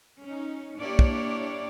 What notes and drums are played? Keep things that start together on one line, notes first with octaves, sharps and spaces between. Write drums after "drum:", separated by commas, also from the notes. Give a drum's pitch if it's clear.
C#4 D#4
A#3 D4 E4 G4 C#5 D5
drum: kick